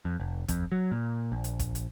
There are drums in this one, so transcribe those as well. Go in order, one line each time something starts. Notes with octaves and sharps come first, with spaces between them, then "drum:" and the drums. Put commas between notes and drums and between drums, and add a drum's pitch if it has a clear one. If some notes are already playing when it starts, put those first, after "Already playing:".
F2
F1
F2, drum: kick, hi-hat
F#3
A#2
A#1
drum: hi-hat
drum: kick, hi-hat
drum: hi-hat